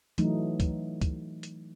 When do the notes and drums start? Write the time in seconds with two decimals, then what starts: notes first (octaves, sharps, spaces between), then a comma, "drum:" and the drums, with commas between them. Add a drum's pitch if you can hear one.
0.18 E3 F#3 A3 D#4, drum: hi-hat
0.60 drum: kick, hi-hat
1.01 drum: kick, hi-hat
1.43 drum: hi-hat